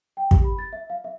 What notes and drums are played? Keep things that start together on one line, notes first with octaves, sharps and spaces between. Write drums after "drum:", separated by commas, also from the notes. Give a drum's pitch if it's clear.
G5
G4, drum: kick
B5
A6
E5
F5
E5